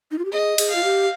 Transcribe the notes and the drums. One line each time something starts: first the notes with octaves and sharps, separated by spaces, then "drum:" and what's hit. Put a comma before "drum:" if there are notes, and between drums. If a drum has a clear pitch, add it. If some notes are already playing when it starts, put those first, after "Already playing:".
D#4
F4
G4
G#4 D#5
G#4, drum: cymbal
F4 F5
G4